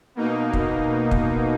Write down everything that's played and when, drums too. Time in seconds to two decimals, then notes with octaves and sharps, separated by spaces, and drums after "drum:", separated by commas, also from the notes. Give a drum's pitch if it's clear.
0.15 B2 A#3 D#4
0.53 drum: kick
1.11 drum: kick